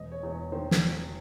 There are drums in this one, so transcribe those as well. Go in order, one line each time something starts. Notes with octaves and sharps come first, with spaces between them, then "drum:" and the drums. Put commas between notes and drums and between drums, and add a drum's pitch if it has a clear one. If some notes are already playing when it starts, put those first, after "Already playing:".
Already playing: E1 F#3 D#5
C#5
E2
C#5
D#3 C5
drum: snare
F#3